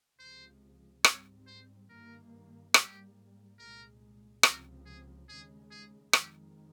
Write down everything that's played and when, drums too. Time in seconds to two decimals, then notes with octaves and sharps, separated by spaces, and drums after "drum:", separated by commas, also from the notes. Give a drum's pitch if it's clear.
0.19 C#2 C3 F3 G#3 C5
1.04 G#2 G3 C4 C#5, drum: rim click
1.47 C5
1.89 G2 D#3 A#3 A#4
2.74 G#2 G3 A#3 G4, drum: rim click
3.58 C2 A#2 G#3 A#4
4.43 C#2 C3 F3 C4 A#4, drum: rim click
4.86 G#4
5.28 D#2 C#3 G#3 G#4
5.71 G#4
6.13 F2 D#3 G#3 G4, drum: rim click